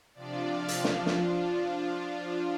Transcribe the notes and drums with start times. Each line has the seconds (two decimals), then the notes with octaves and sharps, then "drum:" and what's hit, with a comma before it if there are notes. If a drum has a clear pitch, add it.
0.15 C3 F3 D4 F4 D5
0.49 F5
0.68 drum: hi-hat
0.84 F3 D4 F4, drum: snare
1.06 drum: snare